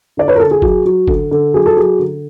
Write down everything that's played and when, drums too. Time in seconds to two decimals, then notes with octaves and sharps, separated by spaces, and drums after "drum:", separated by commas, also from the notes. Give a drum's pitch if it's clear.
0.17 D3 D5
0.28 B4 C#5
0.36 A#4
0.39 D3 A4
0.51 G#4
0.62 F#3, drum: kick G1
0.85 F#3
1.08 D3, drum: kick G1
1.31 D3
1.54 F#3 G#4
1.66 A4
1.77 F#3 G#4
1.99 D3